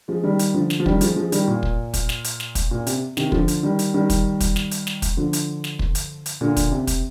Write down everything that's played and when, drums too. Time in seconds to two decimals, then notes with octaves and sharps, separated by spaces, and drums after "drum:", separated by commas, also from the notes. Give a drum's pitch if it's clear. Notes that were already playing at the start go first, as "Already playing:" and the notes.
0.08 F3 G#3
0.24 D#3 G3
0.39 drum: hi-hat
0.54 D3 F3
0.70 drum: snare
0.80 F3
0.86 D#3 G3, drum: kick
1.01 F3 G#3, drum: hi-hat
1.16 F3 G#3
1.32 D#3 G3, drum: hi-hat
1.48 A#2
1.63 drum: kick
1.94 drum: kick, hi-hat
2.09 drum: snare
2.24 drum: hi-hat
2.40 drum: snare
2.55 drum: kick, hi-hat
2.71 A#2
2.87 C3, drum: hi-hat
3.17 C3 D#3, drum: snare
3.32 D3 F3, drum: kick
3.48 drum: hi-hat
3.63 D#3 G3
3.79 drum: hi-hat
3.94 D#3 G3
4.10 drum: kick, hi-hat
4.40 drum: kick, hi-hat
4.56 drum: snare
4.71 drum: hi-hat
4.87 drum: snare
5.02 drum: kick, hi-hat
5.17 D3 F3
5.33 drum: hi-hat
5.64 drum: snare
5.79 drum: kick
5.95 drum: hi-hat
6.26 drum: hi-hat
6.41 A#2 D3
6.56 drum: kick, hi-hat
6.72 C3
6.87 drum: kick, hi-hat